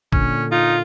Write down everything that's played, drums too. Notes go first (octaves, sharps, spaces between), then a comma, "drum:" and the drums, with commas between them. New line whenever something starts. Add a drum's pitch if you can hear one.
A#2 D3 C#4, drum: kick
D#4 F4